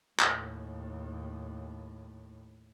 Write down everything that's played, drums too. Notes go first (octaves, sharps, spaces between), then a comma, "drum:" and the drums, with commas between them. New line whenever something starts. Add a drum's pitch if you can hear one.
D#2 A2, drum: clap